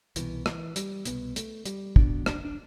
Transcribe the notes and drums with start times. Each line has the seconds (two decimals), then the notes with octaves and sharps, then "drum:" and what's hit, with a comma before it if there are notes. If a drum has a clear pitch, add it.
0.16 C2 B2 E3, drum: hi-hat
0.46 E3, drum: rim click
0.76 G3, drum: hi-hat
1.05 C2 B2 B3, drum: hi-hat
1.36 A3, drum: hi-hat
1.66 G3, drum: hi-hat
1.96 C2 B2 D4, drum: kick
2.26 D4, drum: rim click
2.45 D4